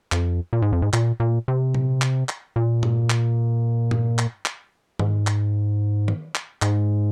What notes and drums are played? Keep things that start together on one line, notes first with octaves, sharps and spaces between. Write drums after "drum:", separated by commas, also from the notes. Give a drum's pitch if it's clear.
F2, drum: clap
A#2
G#2
F2
G#2
A#2, drum: clap
A#2
C3
drum: tom A#2
drum: clap
drum: clap
A#2
drum: tom G2
drum: clap
drum: tom G2
drum: clap
drum: clap
G#2, drum: tom D#3
drum: clap
drum: tom D#3
drum: clap
G#2, drum: clap